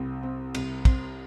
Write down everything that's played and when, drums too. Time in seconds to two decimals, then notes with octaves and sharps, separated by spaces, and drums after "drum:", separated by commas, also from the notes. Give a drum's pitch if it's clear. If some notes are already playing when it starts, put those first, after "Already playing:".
Already playing: C2 C4
0.23 C4
0.55 C2, drum: cymbal
0.85 C4, drum: kick, cymbal